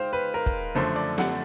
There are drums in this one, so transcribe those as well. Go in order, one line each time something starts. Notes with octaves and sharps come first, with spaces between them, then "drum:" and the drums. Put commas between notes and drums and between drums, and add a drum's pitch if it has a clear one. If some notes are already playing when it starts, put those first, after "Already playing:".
Already playing: G#3 D#4 C5 F5 G5
B4
A#4
drum: kick
F#2 D3 F3 A3 D4 C5
D5
F#5, drum: snare